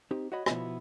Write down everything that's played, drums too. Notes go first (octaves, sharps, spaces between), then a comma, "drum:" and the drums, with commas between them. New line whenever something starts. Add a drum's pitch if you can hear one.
C4 D#4 G4
F#4 C#5 D#5 B5
B2 F3 A3 B3 E4 F4, drum: rim click